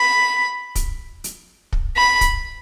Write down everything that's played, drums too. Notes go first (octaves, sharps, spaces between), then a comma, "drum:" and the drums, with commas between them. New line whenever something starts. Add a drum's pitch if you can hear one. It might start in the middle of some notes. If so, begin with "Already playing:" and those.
Already playing: B5
drum: kick, hi-hat
drum: hi-hat
drum: kick
B5
drum: kick, hi-hat